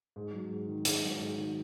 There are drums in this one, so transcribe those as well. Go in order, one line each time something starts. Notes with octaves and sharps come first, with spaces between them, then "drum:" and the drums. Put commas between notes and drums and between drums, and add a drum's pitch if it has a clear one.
G#2
F#3
G#2
D#3
G#2, drum: hi-hat
F#3
G#2
D#3